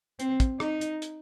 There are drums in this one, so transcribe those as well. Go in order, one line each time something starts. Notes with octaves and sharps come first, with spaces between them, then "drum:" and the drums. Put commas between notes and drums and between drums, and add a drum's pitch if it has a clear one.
C4, drum: hi-hat
drum: kick, hi-hat
D#4, drum: rim click
drum: hi-hat
drum: hi-hat